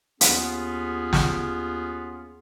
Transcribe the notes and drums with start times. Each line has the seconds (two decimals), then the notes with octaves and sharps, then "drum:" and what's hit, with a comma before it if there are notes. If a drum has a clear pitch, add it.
0.21 D#2 B3 C#4 F4 G#4, drum: hi-hat
1.13 drum: snare